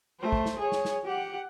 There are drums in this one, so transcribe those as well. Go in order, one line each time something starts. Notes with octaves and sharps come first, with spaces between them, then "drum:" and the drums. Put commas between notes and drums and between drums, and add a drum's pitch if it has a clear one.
A3 C5
drum: kick
drum: snare
G#4 C#5
drum: snare
drum: snare
G4 F#5